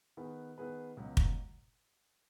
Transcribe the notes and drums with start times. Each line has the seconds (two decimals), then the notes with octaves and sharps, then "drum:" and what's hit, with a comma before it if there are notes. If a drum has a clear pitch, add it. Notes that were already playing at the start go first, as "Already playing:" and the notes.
0.17 D#3 B3 G#4 B4
0.58 D#3 B3 G#4 B4
0.97 C#2 B2 F#3
1.17 drum: kick